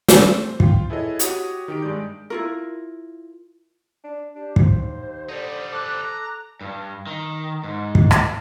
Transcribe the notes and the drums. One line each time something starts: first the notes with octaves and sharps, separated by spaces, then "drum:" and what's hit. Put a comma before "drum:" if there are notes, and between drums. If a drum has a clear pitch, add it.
A3 C4 C5, drum: snare
F4 G5, drum: kick
E4 G#4 A4 B4 C#5 D#5
F#4 G4 C#5 D#6, drum: hi-hat
D#3 G4 D7
G2 G#3 D5 G6
E4 F4 A#4
D4
D4 G4
D#2 C5, drum: kick
D3 G3 D#4
A4 D6 F#6
A#5
G2
D#3
G#2
drum: kick
drum: rim click